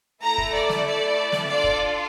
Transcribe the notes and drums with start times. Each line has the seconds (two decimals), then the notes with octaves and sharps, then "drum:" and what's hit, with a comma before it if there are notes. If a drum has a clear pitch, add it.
0.22 A3 E4 A4 A#5
0.38 drum: kick
0.54 D5
0.69 drum: snare
0.86 D5
1.32 drum: snare
1.47 D4 F4 A4 D5
1.64 drum: kick